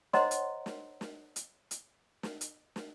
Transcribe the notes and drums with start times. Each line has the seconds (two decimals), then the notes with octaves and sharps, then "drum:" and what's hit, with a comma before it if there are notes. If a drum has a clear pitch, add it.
0.13 C5 C#5 D#5 F#5 A#5 C6, drum: snare
0.31 drum: hi-hat
0.66 drum: snare
1.01 drum: snare
1.36 drum: hi-hat
1.71 drum: hi-hat
2.23 drum: snare
2.41 drum: hi-hat
2.76 drum: snare